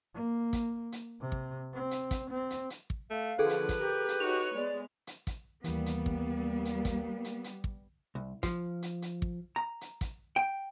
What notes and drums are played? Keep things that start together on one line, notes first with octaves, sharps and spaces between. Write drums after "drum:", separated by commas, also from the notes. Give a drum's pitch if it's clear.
A#3
drum: kick, hi-hat
drum: hi-hat
C3
drum: kick
C4
drum: hi-hat
drum: kick, hi-hat
C4
drum: hi-hat
drum: hi-hat
drum: kick
A3 F5
D3 F3 G#4 A4 B4
drum: hi-hat
drum: kick, hi-hat
G4 A#4
drum: hi-hat
D#4 F#4 C#5 F7
G#3 B3 D5
drum: hi-hat
drum: kick, hi-hat
D#2 E3 G3 A#3 B3, drum: hi-hat
drum: hi-hat
drum: kick
drum: hi-hat
drum: kick, hi-hat
drum: hi-hat
drum: hi-hat
drum: kick
C2
F3, drum: kick, hi-hat
drum: hi-hat
drum: hi-hat
drum: kick
A#5
drum: hi-hat
drum: kick, hi-hat
G5